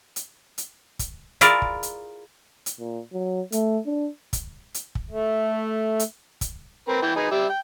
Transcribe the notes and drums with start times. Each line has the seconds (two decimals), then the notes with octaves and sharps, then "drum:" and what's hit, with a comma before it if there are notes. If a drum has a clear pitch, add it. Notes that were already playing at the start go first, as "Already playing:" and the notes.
0.16 drum: hi-hat
0.58 drum: hi-hat
0.99 drum: kick, hi-hat
1.41 E4 F4 G#4 A#4 D5, drum: hi-hat
1.62 drum: kick
1.83 drum: hi-hat
2.66 drum: hi-hat
2.79 A#2
3.13 F#3
3.52 A3, drum: hi-hat
3.86 D4
4.33 drum: kick, hi-hat
4.74 drum: hi-hat
4.95 drum: kick
5.11 A3
5.99 drum: hi-hat
6.41 drum: kick, hi-hat
6.88 C4 A#4 B4
7.02 E3 B4 G5
7.16 D#4 G#4 B4
7.31 G3 G4 E5
7.49 G5